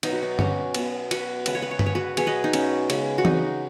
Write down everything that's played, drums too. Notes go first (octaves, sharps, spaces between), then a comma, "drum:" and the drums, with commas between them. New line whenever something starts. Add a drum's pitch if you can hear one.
B2 F#3 B3 D#4, drum: cymbal
F#4
D#4
C#4 F#4, drum: tom G2
B2 B3, drum: cymbal
F#4 B4, drum: cymbal
C#3 G#3 B3 B4, drum: cymbal
C#5
B4
C#5
B4, drum: tom G2
C#5
F#4 B4
B2 F#3 B3 G#4 C#5, drum: cymbal
B4 D#5
D#4
C#4, drum: cymbal
C#3 G#3 B3, drum: cymbal
F#4
D#4, drum: tom E3